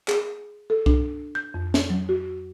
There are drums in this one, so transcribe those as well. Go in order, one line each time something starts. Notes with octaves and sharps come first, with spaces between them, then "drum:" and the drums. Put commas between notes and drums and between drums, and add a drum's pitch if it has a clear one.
G#4, drum: clap
A4
D4, drum: kick C2
G6
F2
drum: snare
F#3
F#4